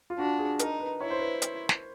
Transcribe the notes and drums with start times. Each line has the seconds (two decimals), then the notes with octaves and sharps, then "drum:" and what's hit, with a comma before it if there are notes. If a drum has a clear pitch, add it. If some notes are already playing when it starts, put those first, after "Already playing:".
0.10 F4
0.19 D4 F#4
0.39 G#4
0.59 D#4 A#4, drum: hi-hat
0.80 B4
1.01 E4 C#5
1.10 C5
1.19 B4
1.42 drum: hi-hat
1.69 drum: snare